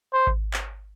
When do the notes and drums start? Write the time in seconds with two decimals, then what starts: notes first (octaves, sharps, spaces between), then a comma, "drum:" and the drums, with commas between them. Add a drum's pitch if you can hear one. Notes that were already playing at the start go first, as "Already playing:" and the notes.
0.13 C5
0.27 drum: kick G#1
0.54 drum: clap